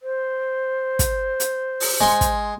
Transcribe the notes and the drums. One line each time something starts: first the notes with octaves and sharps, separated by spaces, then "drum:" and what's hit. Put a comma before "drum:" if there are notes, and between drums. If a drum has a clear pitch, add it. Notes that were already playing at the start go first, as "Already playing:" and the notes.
C5
drum: kick, hi-hat
drum: hi-hat
drum: open hi-hat
G#3 C6
drum: kick, hi-hat